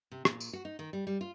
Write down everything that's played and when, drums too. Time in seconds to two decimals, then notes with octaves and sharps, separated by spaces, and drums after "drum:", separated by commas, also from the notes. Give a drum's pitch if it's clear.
0.12 C3
0.25 A#2, drum: rim click
0.40 drum: tambourine
0.53 F#4
0.65 D#4
0.79 D#3
0.93 G3
1.07 G3
1.21 F4